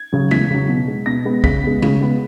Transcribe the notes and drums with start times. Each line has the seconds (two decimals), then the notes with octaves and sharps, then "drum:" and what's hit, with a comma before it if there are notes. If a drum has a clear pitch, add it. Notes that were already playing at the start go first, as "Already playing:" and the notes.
Already playing: G#6
0.13 C#3 F#3
0.31 E2 B6, drum: tom G#3
0.51 C#3 F#3
0.69 B2
0.88 G#3 B3
1.06 B2 A#6
1.25 G#3 B3
1.44 C#3 B6, drum: kick
1.63 G#3 B3
1.82 C#3, drum: tom G#3
2.01 G#3 B3